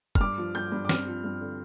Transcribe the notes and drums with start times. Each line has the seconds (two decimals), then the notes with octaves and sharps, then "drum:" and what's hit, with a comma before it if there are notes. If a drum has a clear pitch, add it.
0.15 F6, drum: kick F#1
0.20 G2 D6
0.38 F3
0.55 G2 G6
0.72 G2
0.85 D6
0.89 C4 F6, drum: snare
1.07 F3
1.24 G2
1.41 D3